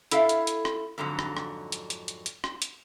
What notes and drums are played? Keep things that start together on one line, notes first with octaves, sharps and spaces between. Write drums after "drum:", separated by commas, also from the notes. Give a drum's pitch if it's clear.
E4 A4 E5 F5, drum: hi-hat
drum: hi-hat
drum: hi-hat
drum: rim click
F2 G#2 D3 F#3
drum: rim click
drum: rim click
drum: hi-hat
drum: hi-hat
drum: hi-hat
drum: hi-hat
drum: rim click
drum: hi-hat